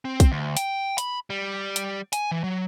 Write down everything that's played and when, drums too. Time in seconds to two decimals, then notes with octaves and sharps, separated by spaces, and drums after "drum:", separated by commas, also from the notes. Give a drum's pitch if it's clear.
0.05 C4
0.20 drum: kick, hi-hat
0.32 D2
0.57 G5, drum: hi-hat
0.98 B5, drum: hi-hat
1.30 G3
1.76 drum: hi-hat
2.13 G#5, drum: hi-hat
2.31 E3
2.44 F#3